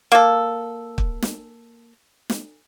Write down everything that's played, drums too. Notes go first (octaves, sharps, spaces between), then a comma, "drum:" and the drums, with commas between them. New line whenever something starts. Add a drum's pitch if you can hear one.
A#3 A4
drum: kick
drum: snare
drum: snare